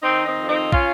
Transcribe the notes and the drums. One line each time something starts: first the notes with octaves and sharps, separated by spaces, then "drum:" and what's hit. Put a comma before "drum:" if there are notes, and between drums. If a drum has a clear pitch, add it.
D#3 C4 D#4
C4 D#4
F2
C4 D#4
C#4 F4, drum: kick